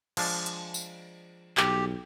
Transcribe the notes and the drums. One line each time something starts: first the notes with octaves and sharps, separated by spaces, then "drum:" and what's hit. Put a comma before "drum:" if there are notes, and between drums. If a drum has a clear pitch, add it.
F3 G#3 D4, drum: cymbal
drum: hi-hat
drum: tambourine
B1 G4, drum: clap